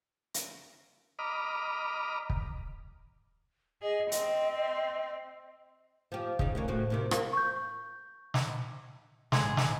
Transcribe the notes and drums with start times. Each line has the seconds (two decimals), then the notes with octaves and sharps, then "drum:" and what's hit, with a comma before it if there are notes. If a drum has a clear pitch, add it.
0.34 drum: hi-hat
1.19 D#5 A#5 B5 D6 F6
2.30 drum: kick
3.82 G#4 D#5
4.12 C4 D#5, drum: hi-hat
6.12 F3 G4
6.39 C#3 D#4, drum: kick
6.55 D2 A#3 C#4
6.68 A2 C4 F#4
6.90 D#2 C3 D#3
7.11 A#3, drum: rim click
7.33 C#6 G6
8.34 drum: snare
9.32 G#1 G#3 G#4 C6, drum: snare
9.57 drum: snare